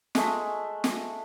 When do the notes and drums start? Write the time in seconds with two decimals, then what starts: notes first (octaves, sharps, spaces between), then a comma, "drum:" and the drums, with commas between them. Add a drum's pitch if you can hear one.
0.15 G#3 A3 E5, drum: snare
0.84 drum: snare